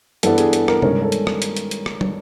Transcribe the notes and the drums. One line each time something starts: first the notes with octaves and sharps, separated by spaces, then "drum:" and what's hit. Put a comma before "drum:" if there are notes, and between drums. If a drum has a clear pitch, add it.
G2 E3 G3 B3 D4 A4, drum: hi-hat
G#4, drum: hi-hat
A4, drum: hi-hat
A#4, drum: rim click
G2 D#3 G#3 C#4 A#4, drum: tom C3
A4
drum: hi-hat
drum: rim click
drum: hi-hat
drum: hi-hat
drum: hi-hat
drum: rim click
drum: tom